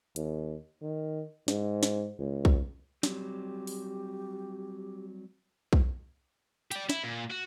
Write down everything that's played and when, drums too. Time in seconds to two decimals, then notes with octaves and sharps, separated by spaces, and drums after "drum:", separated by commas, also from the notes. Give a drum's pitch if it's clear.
0.16 D#2, drum: hi-hat
0.82 D#3
1.48 G#2, drum: snare
1.83 drum: snare
2.19 C#2
2.45 drum: kick B1
3.03 F#3 G3 C4 G4, drum: snare
3.67 drum: open hi-hat
5.73 drum: kick B1
6.71 G4 D5, drum: hi-hat
6.89 E4, drum: snare
7.04 A#2
7.30 F#4